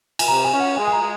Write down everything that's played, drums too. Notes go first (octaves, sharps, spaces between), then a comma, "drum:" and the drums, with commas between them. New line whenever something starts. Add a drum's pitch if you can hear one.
G#5, drum: cymbal
C3 A#5
G#5
C#4
F#5
G#3 G#5
G#5
A#5
G#3